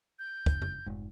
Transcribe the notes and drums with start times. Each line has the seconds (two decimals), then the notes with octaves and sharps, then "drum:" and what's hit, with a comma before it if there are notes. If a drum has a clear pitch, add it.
0.19 G6
0.46 F#1, drum: kick
0.62 drum: tom F2
0.86 F1 G#2